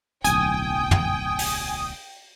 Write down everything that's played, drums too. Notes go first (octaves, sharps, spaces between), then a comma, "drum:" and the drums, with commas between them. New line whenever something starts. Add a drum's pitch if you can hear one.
D1 B1 G5 G#5 D#6, drum: hi-hat
drum: tom
drum: open hi-hat